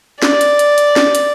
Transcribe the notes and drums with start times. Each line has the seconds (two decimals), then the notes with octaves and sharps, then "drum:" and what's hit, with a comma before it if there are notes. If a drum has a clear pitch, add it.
0.22 D5, drum: snare
0.41 drum: hi-hat
0.59 drum: hi-hat
0.78 drum: hi-hat
0.96 drum: snare
1.15 drum: hi-hat